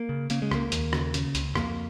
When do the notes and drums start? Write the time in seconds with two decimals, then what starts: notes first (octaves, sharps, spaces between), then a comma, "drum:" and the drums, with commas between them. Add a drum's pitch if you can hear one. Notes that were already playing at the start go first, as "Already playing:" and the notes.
Already playing: A#3
0.09 C#3
0.30 C#3 A#3, drum: hi-hat
0.42 G#3
0.51 C#2 A#3, drum: rim click
0.72 D#2, drum: hi-hat
0.93 C#3, drum: rim click
1.14 C#3, drum: hi-hat
1.35 C#2, drum: hi-hat
1.55 F2 A#3, drum: rim click